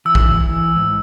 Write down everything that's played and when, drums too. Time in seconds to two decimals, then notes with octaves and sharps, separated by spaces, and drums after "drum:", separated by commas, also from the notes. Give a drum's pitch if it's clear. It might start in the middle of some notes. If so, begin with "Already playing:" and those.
0.05 E3 E6
0.15 drum: kick A#1
0.40 E3
0.76 G#2